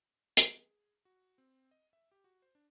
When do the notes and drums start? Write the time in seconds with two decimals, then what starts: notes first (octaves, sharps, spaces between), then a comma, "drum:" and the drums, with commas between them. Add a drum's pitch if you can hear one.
0.37 drum: hi-hat
0.54 G#4
1.05 F#4
1.38 C4
1.71 D#5
1.93 E5
2.12 G4
2.24 F#4
2.42 C5
2.55 D4